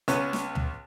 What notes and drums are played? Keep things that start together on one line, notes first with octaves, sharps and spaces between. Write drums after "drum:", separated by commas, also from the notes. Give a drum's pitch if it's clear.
C#2 B3 C#4, drum: hi-hat
drum: snare
drum: tom